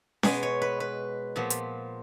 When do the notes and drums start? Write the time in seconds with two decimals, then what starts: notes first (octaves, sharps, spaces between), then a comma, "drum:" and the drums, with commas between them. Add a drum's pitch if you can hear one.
0.23 B2 G#3 B3 G#5, drum: snare C#4
0.43 C#5
0.62 B4
0.80 B4
1.36 A#2 F3 B3
1.50 drum: hi-hat